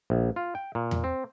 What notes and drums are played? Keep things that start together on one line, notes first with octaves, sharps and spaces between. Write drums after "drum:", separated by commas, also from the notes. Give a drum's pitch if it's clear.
A#1
F4
G5
A#2
drum: tom E2
C4